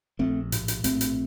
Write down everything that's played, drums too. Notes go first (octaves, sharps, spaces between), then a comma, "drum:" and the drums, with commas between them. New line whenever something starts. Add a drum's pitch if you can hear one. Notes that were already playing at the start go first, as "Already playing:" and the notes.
A#1 A3 C4
A2, drum: hi-hat
drum: hi-hat
A#1 A3 C4, drum: hi-hat
drum: hi-hat